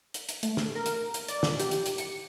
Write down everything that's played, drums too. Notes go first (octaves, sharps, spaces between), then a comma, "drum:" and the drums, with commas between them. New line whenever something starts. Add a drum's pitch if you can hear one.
drum: hi-hat
drum: hi-hat
A3, drum: hi-hat
drum: snare
A#4
drum: hi-hat
drum: hi-hat
D5, drum: hi-hat
drum: snare
G4, drum: hi-hat
drum: hi-hat
drum: hi-hat
C#7, drum: hi-hat